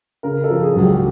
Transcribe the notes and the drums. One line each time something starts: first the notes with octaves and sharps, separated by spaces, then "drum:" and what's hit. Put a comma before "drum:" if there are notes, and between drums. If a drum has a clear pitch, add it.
C#3 A#4
A4
F3
G#4
C#2 F#4, drum: tom F#3
G4